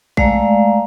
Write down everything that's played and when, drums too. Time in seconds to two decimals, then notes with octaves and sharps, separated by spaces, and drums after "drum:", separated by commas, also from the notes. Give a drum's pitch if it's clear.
0.17 G#3 A3 D5 F5 A#5, drum: kick A#1